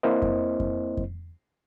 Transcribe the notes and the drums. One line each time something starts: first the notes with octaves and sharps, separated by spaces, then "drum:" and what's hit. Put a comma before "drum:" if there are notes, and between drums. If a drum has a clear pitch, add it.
A#3 C4 E4 C5 D#5
drum: kick F2
drum: kick F2
drum: kick F2